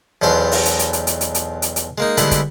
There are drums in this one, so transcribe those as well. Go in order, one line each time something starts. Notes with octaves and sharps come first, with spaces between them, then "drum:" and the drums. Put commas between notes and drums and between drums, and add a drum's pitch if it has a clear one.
B1 E2 B2 C5 F5
drum: open hi-hat
drum: hi-hat
drum: hi-hat
drum: hi-hat
drum: hi-hat
drum: hi-hat
drum: hi-hat
drum: hi-hat
drum: hi-hat
G#3 A#3 D#4
D3 G3 G#3 B3 E4, drum: hi-hat
drum: kick, hi-hat